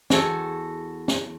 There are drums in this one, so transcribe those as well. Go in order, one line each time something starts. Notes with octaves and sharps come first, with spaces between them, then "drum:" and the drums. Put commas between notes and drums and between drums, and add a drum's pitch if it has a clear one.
E2 F#4 A4 G#5, drum: snare
drum: snare